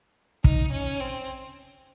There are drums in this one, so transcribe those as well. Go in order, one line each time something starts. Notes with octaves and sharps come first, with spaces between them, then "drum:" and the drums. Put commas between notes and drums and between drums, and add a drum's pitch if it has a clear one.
D#4, drum: kick
C#4
C4